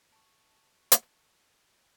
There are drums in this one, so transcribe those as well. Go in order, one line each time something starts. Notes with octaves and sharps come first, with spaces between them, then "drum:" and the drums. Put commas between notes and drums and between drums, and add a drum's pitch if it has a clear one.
A5 C#6
drum: hi-hat